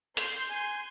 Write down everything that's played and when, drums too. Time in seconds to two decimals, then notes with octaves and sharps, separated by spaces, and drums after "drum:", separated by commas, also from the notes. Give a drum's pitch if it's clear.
0.17 C6 G6, drum: hi-hat
0.50 G#5